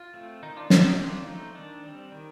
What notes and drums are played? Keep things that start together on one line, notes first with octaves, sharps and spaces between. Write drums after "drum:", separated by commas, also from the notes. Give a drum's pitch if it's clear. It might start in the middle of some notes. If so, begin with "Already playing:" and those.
Already playing: F4
A3 C4
D#3 D#4
D4 F4
A3 C4 F4 A4, drum: snare
D#4 G4
D#3 D4 F4
A3 C4 D#4
D#3 D4
G3 C4
D#3